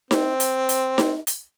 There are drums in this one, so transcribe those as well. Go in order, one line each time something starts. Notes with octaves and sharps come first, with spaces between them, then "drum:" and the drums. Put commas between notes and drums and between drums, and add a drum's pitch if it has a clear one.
C4, drum: snare D#4
drum: hi-hat
drum: hi-hat
drum: snare D#4
drum: hi-hat